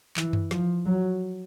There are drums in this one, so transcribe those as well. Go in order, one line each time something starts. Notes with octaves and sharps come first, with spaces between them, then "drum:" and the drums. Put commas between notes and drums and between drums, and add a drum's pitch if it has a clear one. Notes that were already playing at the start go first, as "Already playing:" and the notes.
E3, drum: clap
drum: tom F#2
F3, drum: snare
F#3